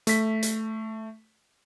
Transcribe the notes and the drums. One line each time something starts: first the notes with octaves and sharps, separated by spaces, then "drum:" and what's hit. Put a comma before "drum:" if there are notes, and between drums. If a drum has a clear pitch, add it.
A3 B6, drum: hi-hat
drum: hi-hat